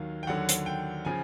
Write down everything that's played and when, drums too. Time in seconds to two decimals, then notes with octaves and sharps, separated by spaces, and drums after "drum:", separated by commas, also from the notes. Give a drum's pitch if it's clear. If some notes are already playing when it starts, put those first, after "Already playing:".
Already playing: D#2 D#3 F#3 F5
0.23 G5
0.27 D#2 D3 F#3 F#5
0.49 drum: hi-hat
0.66 G5
1.05 C#3 F3 G#5